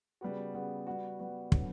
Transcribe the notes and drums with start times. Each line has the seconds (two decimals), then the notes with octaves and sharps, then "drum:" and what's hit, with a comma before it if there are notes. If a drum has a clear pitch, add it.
0.21 C#3 G3 B3 F#4
0.54 C#3 G3 B3 F#4
0.87 G3 B3 F#4
1.19 G3 B3 F#4
1.52 D3 F#3 B3, drum: kick